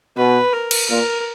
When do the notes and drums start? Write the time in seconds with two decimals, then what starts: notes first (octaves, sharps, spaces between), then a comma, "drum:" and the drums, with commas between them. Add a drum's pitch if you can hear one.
0.17 B2 B4
0.53 A#4
0.71 drum: cymbal
0.89 A#2 A#4